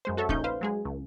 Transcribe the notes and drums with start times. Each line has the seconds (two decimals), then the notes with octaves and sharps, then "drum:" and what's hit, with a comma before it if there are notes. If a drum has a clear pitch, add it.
0.05 F#2 G#3 C5
0.17 F#4 A4 C#5 E5
0.29 A#1 F3 C#4 D#4 G6, drum: kick
0.44 B4 C5 F5
0.61 F#3 G#3 G#4
0.85 C#2